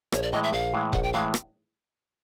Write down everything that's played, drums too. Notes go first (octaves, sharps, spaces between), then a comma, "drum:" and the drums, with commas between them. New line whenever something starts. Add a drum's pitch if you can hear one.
A#1 C#5, drum: rim click
D5
A2 E3 G#3 D#5
E5
A#1 F5
A2 E3 G#3
A#1 F#5, drum: kick E1
G5
A2 E3 G#3 F5
drum: rim click